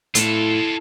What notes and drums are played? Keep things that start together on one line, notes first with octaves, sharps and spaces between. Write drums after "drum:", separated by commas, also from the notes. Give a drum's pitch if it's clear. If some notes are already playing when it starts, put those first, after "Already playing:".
A2 F4 A4, drum: hi-hat